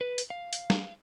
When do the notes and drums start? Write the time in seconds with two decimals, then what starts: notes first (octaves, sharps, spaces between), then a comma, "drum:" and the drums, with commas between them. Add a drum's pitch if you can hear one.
0.01 B4
0.18 drum: hi-hat
0.30 F5
0.53 drum: hi-hat
0.70 drum: snare